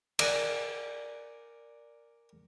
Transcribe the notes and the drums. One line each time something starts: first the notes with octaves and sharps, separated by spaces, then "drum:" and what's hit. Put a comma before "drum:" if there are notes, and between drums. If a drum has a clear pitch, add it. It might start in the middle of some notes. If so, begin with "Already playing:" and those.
A#4 D5 F#5 G#5, drum: cymbal